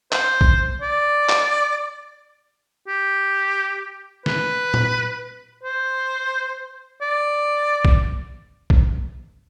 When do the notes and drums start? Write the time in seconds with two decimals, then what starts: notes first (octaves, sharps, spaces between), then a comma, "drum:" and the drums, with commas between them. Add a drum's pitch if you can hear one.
0.12 C5, drum: clap
0.41 drum: kick
0.82 D5
1.29 drum: clap
2.88 G4
4.26 B4, drum: snare
4.74 drum: tom A#2
5.63 C5
7.02 D5
7.85 drum: kick
8.70 drum: kick